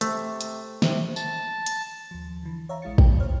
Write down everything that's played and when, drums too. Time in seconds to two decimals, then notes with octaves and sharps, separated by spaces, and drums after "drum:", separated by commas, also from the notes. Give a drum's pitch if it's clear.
0.01 C3 A3, drum: hi-hat
0.41 drum: hi-hat
0.82 C3, drum: snare
1.16 A5, drum: tambourine
1.66 drum: hi-hat
2.11 D#2 F3
2.43 D3 E3
2.69 C#5 E5 F5 A#5
2.82 A#1 G#3 E4 F5 A6 C#7
2.98 D#2 E3 G5, drum: kick
3.19 E3 C5 C#5 F6